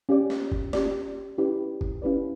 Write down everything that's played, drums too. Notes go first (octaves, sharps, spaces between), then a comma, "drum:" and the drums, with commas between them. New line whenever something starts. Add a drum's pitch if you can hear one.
C#4 G4 D5
drum: snare
drum: kick F#1
C#4 G4 D5, drum: snare
C#4 E4 G4 B4 D5
drum: kick F#1
C#4 E4 G4 B4 D5